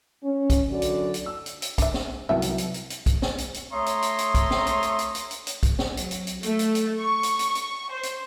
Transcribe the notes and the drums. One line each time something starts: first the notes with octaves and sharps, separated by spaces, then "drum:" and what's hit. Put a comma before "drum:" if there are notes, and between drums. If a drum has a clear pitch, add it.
C#4
drum: kick, hi-hat
F#2 D3 F#4 D5
drum: hi-hat
drum: hi-hat
E6
drum: hi-hat
drum: hi-hat
D4 E5, drum: kick, hi-hat
drum: snare
C2 D#3 F#3 B3 E5
drum: hi-hat
drum: hi-hat
drum: hi-hat
drum: hi-hat
drum: kick, hi-hat
drum: snare
drum: hi-hat
drum: hi-hat
A3 C#5 E5 A#5 C6 D#6
drum: hi-hat
drum: hi-hat
drum: hi-hat
drum: kick, hi-hat
drum: snare
drum: hi-hat
drum: hi-hat
drum: hi-hat
drum: hi-hat
drum: hi-hat
drum: hi-hat
drum: kick, hi-hat
drum: snare
F#3, drum: hi-hat
drum: hi-hat
drum: hi-hat
A3, drum: hi-hat
drum: hi-hat
drum: hi-hat
C#6
drum: hi-hat
drum: hi-hat
drum: hi-hat
C5
drum: hi-hat